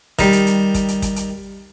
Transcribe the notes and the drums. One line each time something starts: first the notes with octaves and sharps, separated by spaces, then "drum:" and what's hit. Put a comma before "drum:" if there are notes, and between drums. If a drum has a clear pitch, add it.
D#3 G3, drum: kick, hi-hat
drum: hi-hat
drum: hi-hat
drum: kick, hi-hat
drum: hi-hat
drum: kick, hi-hat
drum: hi-hat